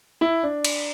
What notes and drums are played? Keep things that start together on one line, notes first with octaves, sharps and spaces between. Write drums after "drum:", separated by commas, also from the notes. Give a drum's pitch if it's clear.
E4
D4
drum: cymbal